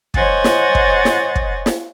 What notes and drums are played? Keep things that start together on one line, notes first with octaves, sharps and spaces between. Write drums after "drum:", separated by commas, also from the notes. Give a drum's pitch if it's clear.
C5 C#5 D#5 F#5 G#5 A6, drum: kick
drum: snare
drum: kick
drum: snare
drum: kick
drum: snare